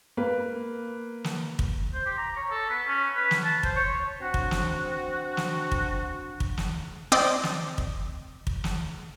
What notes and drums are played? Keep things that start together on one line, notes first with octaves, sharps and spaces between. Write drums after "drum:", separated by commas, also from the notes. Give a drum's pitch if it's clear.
A#3 B4
drum: snare
drum: kick
C5
G4
A#5
C#5
A4
B3
C#4
B4
drum: snare
A5
C5, drum: kick
C#5
C4 D4 F#4
drum: kick
drum: snare
drum: snare
drum: kick
drum: kick
drum: snare
C4 D5 D#5
drum: snare
drum: kick
drum: kick
drum: snare